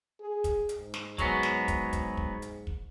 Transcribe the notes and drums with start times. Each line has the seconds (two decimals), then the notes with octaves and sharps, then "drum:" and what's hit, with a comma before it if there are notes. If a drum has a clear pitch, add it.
0.21 G#4
0.44 drum: kick, hi-hat
0.69 drum: hi-hat
0.79 G#2
0.94 drum: snare
1.18 F#3 G#3 B3, drum: kick, hi-hat
1.43 drum: snare
1.68 drum: kick, hi-hat
1.93 drum: kick, hi-hat
2.17 drum: kick
2.42 drum: hi-hat
2.67 drum: kick